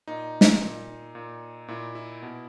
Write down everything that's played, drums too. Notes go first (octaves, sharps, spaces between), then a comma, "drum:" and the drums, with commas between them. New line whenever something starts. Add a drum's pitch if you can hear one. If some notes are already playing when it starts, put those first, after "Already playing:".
A#2 D#4
drum: snare
A#2
A#2
A#2 E4
E4
B2